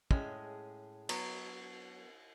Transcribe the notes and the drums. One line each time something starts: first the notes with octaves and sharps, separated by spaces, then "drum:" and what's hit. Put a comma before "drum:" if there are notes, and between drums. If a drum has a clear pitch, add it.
A2 G#3 C#4 G#4, drum: kick
F#3 B3, drum: cymbal